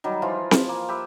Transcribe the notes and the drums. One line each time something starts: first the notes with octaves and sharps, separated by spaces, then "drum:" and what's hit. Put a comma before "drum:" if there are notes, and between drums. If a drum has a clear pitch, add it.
D#3 F#3 G3
E3 F3 F4
drum: snare C4
A#3
G4 B4 E5